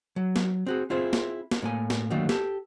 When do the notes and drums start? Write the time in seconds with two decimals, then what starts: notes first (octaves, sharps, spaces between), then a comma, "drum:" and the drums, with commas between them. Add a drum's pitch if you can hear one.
0.16 F#3
0.36 drum: snare
0.66 C4 F#4 G#4
0.90 C4 E4 F4 G#4 C5
1.13 drum: snare
1.51 drum: snare
1.62 A2 A#3 G#5
1.90 drum: snare
2.10 D3 D#3 F#3 A3 A#3
2.29 G4 A4, drum: snare